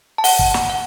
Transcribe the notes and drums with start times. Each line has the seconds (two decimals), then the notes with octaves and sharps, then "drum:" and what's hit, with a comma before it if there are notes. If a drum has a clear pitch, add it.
0.18 A5
0.24 F#5, drum: open hi-hat
0.39 drum: kick
0.54 drum: snare
0.70 F#5